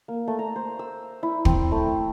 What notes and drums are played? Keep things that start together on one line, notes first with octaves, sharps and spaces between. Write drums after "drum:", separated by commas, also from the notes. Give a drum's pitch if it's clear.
A#3
A3
A#5
C5
E6
E4
C4, drum: kick
A3